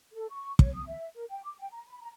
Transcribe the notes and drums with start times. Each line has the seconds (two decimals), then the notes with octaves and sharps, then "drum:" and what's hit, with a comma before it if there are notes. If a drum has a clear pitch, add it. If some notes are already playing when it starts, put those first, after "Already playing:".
0.12 A4
0.30 C#6
0.59 C#5, drum: kick
0.74 D#6
0.86 E5
1.14 A#4
1.29 G5
1.44 D6
1.58 G5
1.72 A#5
1.87 B5
2.01 A#5